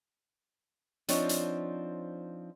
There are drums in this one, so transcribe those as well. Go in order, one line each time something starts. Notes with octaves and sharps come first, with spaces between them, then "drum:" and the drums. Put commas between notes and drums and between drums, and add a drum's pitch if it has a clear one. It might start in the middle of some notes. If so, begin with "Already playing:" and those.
F3 C4 D4 D#4 C#5, drum: hi-hat
drum: hi-hat